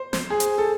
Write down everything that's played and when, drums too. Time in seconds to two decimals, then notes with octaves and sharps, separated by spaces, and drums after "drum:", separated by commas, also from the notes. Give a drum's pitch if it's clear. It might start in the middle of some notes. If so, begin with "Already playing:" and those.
Already playing: C5
0.13 C5, drum: snare
0.30 G#4
0.40 drum: hi-hat
0.58 A4